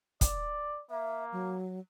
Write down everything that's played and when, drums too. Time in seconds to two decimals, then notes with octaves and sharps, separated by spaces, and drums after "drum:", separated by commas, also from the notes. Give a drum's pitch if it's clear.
0.21 D5, drum: kick, hi-hat
0.90 A#3 E5
1.32 F#3